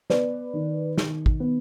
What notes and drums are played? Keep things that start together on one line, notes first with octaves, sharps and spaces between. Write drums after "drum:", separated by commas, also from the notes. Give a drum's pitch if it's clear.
B3 B4 D5, drum: snare
D#3
D#3, drum: snare
drum: kick
B3